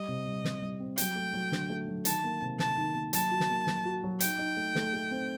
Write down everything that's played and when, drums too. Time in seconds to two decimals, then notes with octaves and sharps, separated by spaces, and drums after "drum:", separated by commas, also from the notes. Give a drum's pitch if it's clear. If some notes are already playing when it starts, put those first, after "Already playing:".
Already playing: G3 D#5
0.08 C3
0.25 G3
0.45 C3, drum: snare
0.62 G3
0.80 C4
0.98 F#3 G5, drum: hi-hat
1.16 A3
1.33 F#3
1.52 D3, drum: snare
1.70 A3
1.88 F#3
2.05 D#3 A5, drum: hi-hat
2.24 A#3
2.42 C3
2.59 C3 A5, drum: snare
2.77 D#3
2.95 A#3
3.13 F#3 A5, drum: hi-hat
3.31 F#4
3.40 drum: snare
3.50 A#3
3.67 F#3, drum: snare
3.85 F#4
4.03 F#3
4.20 D#4 G5, drum: hi-hat
4.38 D#4
4.57 A3
4.75 A3, drum: snare
4.93 A3
5.11 C4